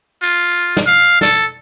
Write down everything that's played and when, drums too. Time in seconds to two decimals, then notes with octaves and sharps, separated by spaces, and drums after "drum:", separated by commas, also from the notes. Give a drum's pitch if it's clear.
0.22 F4
0.77 drum: snare
0.86 F5
1.21 A4, drum: snare